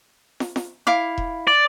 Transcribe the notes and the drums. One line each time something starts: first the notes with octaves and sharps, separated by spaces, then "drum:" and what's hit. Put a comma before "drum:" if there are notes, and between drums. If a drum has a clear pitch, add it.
drum: snare
drum: snare
E4 F5 D6
drum: kick E1
D5